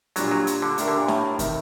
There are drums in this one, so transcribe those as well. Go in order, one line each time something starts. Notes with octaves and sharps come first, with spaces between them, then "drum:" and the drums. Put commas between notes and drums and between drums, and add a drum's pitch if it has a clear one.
A#2 F#3 G3 D4, drum: hi-hat
F#3
drum: hi-hat
D3
A3 D4 G4 A#4, drum: hi-hat
D3
A#2
A2, drum: snare
C3 D#3 A3, drum: kick, hi-hat